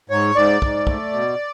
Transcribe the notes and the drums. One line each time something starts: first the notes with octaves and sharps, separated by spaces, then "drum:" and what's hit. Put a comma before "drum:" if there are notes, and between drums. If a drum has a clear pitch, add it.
G#2 C#5
G#2 D5
G#2, drum: kick
A3, drum: kick
B2